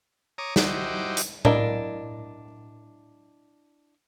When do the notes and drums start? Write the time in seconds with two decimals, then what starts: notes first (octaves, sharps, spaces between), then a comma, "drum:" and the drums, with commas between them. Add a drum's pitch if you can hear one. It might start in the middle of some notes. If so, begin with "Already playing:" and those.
0.38 C#5 A#5 D6 D#6
0.56 D#4 E4 F#4 G4 C5 D6, drum: snare
1.17 drum: hi-hat
1.45 D4 E4 A#4 D#5 F5, drum: tom A2